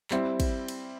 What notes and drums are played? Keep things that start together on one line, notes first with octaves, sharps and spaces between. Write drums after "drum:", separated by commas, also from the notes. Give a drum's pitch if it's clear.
G3 C4 E4, drum: clap
drum: kick, cymbal
drum: cymbal